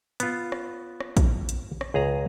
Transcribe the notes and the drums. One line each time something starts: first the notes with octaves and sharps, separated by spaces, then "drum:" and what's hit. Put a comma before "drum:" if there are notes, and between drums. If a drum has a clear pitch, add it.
B3 F4, drum: hi-hat
drum: rim click
drum: rim click
drum: kick A#1, hi-hat
drum: hi-hat
drum: rim click
C#2 G#4 D#5 A#5